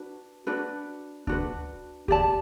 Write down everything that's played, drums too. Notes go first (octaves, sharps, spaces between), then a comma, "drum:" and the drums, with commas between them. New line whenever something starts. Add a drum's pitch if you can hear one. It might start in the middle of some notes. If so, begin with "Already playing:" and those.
Already playing: D4 F#4 B4
D4 F#4 B4
D4 F#4 B4, drum: kick D2
G4 D5 A5, drum: kick D2